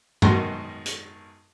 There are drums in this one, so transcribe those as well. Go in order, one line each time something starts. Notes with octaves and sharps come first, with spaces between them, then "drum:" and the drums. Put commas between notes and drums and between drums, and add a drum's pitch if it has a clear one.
G#1 F#2 B2 D#3 F#4 C6, drum: tom G2
drum: hi-hat